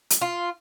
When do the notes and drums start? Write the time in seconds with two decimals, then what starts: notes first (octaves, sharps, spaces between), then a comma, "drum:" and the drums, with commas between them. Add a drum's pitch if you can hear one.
0.10 drum: hi-hat
0.21 F4